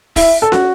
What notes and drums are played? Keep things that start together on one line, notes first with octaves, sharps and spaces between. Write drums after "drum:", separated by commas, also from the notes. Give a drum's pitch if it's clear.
E4 E5, drum: kick, open hi-hat
A4
F#4, drum: snare